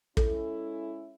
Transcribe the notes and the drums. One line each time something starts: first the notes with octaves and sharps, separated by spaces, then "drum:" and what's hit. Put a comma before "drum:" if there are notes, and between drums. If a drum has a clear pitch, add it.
G#3 C#4 E4 A4, drum: kick